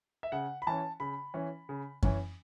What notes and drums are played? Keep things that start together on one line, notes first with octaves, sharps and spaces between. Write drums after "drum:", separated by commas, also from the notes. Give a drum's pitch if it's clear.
E5
C#3 F#5
B5
E3 C#4 A5
C#3 B5
E3 C#4
C#3
E3 C#4, drum: kick F#2